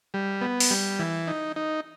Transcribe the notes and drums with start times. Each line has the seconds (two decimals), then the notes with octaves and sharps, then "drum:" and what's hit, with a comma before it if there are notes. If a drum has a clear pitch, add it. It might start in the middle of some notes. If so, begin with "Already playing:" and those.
0.14 G3
0.41 B3
0.60 drum: open hi-hat
0.71 G3
0.99 E3
1.27 D#4
1.56 D#4